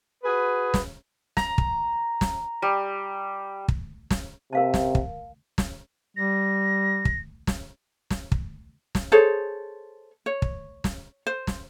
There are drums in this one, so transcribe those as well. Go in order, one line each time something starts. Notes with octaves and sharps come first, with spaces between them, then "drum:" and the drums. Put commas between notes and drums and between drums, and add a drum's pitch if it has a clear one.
F#4 G#4 B4
drum: snare
A#5, drum: snare
drum: kick
drum: snare
G3
drum: kick
drum: snare
C3 A#4 F5 A5
drum: snare
drum: kick
drum: snare
G3 A#6
drum: kick
drum: snare
drum: snare
drum: kick
drum: snare
G#4 A4 C5 C#5
C#5
drum: kick
drum: snare
C5
drum: snare